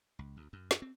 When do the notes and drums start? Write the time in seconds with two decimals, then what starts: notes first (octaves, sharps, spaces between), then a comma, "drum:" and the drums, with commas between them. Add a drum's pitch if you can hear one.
0.19 C#2
0.37 D2
0.53 F#2
0.71 drum: snare
0.82 C4